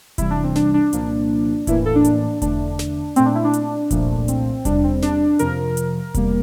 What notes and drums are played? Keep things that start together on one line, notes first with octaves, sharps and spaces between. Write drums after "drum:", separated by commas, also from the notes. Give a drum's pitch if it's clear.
C2 C3 E3 G3 E4, drum: kick E1, hi-hat
D4
C4
D4, drum: snare
D4
C2 A#2 F3 A#3, drum: hi-hat
A2 E3 A#3 E4, drum: kick E1, hi-hat
A4
D4
drum: hi-hat
E2 D3 A3 D4, drum: kick E1, hi-hat
drum: snare
A#2 A3 C4, drum: hi-hat
D4
E4
D4
drum: hi-hat
C2 A#2 F3 A3, drum: kick E1, hi-hat
C4, drum: hi-hat
E2 C3 G3 D4, drum: kick E1, hi-hat
C4
D4, drum: snare
F2 C3 F3 A#4, drum: hi-hat
drum: hi-hat
E2 C3 G3 A#3, drum: kick E1, hi-hat